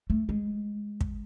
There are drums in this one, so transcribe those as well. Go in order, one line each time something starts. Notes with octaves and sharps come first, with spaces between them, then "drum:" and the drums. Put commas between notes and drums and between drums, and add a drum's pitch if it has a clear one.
A3
G#3
drum: kick